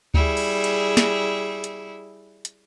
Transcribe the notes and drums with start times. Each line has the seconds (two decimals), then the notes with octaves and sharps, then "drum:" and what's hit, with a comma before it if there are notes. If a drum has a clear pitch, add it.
0.14 G3 E4 G#4, drum: kick D2
0.37 drum: cymbal
0.64 drum: cymbal
0.97 drum: snare
1.64 drum: hi-hat
2.45 drum: hi-hat